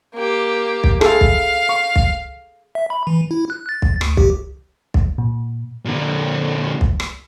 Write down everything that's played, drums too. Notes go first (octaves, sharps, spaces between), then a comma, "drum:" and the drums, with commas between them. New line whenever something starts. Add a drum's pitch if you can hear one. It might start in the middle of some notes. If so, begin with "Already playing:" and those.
A#3 G4
drum: kick
G#4 A4 F5, drum: rim click
drum: kick
C#6
drum: kick
E5
B5
E3
E4
F#6
A6
drum: kick
D2, drum: rim click
G4, drum: kick
drum: kick
A#2
A#2 D3
drum: kick
drum: rim click